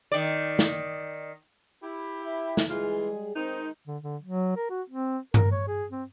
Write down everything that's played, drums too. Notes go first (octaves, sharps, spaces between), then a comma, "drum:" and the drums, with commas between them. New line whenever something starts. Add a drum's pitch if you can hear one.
D#3 D5
drum: snare
E4 G4
E5
drum: snare
E3 G3 G#3 F4 G#4
D#3 G#3 C4 D#4
D3
D3
F#3
A#4
F#4
C4
A#4, drum: tom G2
C#5
G#4
C4